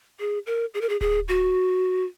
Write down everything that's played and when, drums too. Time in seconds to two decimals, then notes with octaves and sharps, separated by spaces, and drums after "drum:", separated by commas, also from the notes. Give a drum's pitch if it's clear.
0.20 G#4
0.46 A#4
0.74 G#4
0.81 A#4
0.89 G#4
1.01 G#4, drum: kick D1
1.28 F#4